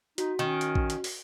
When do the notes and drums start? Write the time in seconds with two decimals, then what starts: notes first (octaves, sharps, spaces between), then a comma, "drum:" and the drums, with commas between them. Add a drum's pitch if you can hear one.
0.18 D#4 F#4, drum: hi-hat
0.39 D#3 C#4
0.61 drum: hi-hat
0.75 drum: kick A1
0.90 drum: hi-hat
1.04 drum: open hi-hat